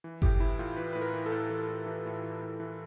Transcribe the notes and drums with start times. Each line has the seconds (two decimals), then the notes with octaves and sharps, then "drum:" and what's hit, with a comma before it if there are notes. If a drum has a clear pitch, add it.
0.04 E3
0.22 A2 G4, drum: kick G1
0.40 E3 E4
0.59 A2 F4
0.77 E3 B4
0.93 A2 B4
1.02 A#4
1.14 E3
1.26 A4
1.32 A2
1.50 E3
1.68 A2
1.86 E3
2.06 A2
2.24 E3
2.42 A2
2.60 E3